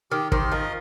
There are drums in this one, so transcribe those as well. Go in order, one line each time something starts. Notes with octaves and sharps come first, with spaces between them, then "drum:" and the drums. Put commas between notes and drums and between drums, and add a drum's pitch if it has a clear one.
D#3 G4
D#3 G4 C5, drum: kick
F3 A#4 D#5